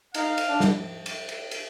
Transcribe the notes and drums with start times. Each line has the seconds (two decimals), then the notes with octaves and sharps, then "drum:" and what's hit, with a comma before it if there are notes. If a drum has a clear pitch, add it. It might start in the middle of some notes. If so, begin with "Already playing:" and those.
0.14 D#4 F5, drum: cymbal
0.38 drum: cymbal
0.49 D4
0.60 drum: snare
1.06 drum: cymbal
1.29 drum: cymbal
1.51 drum: cymbal